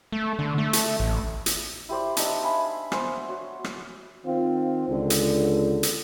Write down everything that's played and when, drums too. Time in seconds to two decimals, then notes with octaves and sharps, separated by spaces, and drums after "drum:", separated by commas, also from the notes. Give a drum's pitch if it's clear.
0.12 A3
0.39 D3
0.58 A3
0.73 drum: hi-hat
1.00 A1
1.46 drum: hi-hat
1.89 E4 G4 C5 D5
2.17 D4 D#4 D#5 E5, drum: hi-hat
2.42 E5 F5 G#5 B5
2.92 B3 C5 G#5, drum: rim click
3.29 F#4 C#5
3.64 drum: rim click
4.25 D#3 C4 F4
4.88 C#2 D3
5.10 drum: hi-hat
5.83 drum: hi-hat